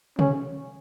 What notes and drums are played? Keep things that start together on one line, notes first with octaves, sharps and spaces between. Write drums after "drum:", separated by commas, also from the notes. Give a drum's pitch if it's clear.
C#4, drum: tom